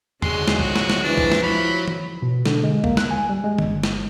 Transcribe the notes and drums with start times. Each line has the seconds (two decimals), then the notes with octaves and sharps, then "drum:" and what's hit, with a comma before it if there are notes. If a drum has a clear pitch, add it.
0.22 D3 F#3 G#3 G#4 C6, drum: tom E2
0.48 drum: snare
0.59 F3 F#4, drum: kick
0.76 drum: snare
0.90 drum: snare
1.04 E3 F3 D4
1.18 drum: kick
1.32 drum: snare
1.43 F#3 E4 B5
1.88 drum: tom
2.22 B2
2.46 D3, drum: snare
2.64 G#3
2.84 A#3, drum: kick
2.97 F#6, drum: snare
3.11 G#5
3.29 G3
3.44 G#3
3.58 G1, drum: tom D3
3.84 drum: snare